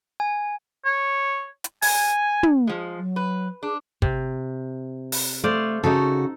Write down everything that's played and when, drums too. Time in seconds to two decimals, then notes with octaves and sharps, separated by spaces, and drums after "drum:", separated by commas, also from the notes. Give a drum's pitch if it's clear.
0.20 G#5
0.85 C#5
1.64 drum: hi-hat
1.82 G#5, drum: open hi-hat
2.43 drum: tom
2.67 F3 G#3
2.97 F#3
3.16 B4
3.63 D4 G#4
4.02 C3, drum: kick
5.12 drum: open hi-hat
5.44 A3 C5 D5 F5
5.84 C#3 D#4 F#4 A4